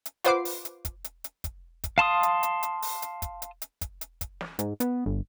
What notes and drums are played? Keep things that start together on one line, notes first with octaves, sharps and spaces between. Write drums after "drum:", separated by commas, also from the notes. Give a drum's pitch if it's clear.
drum: hi-hat
F4 B4 C5 F#5 D6 C7, drum: hi-hat
drum: open hi-hat
drum: hi-hat
drum: kick, hi-hat
drum: hi-hat
drum: hi-hat
drum: kick, hi-hat
drum: kick, hi-hat
F5 A5 C6 D#6
drum: hi-hat
drum: hi-hat
drum: hi-hat
drum: open hi-hat
drum: hi-hat
drum: kick, hi-hat
drum: hi-hat
drum: hi-hat
drum: kick, hi-hat
drum: hi-hat
drum: kick, hi-hat
drum: snare
G#2, drum: hi-hat
B3, drum: hi-hat
G1